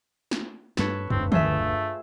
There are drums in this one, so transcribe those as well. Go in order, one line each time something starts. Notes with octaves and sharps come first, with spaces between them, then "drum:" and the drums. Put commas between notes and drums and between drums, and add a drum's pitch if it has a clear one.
drum: snare
G2 G3 D4 A4 B4 C#5, drum: snare
E1 D2 G2 C4, drum: tom
A3 F4 G#4 E5, drum: tom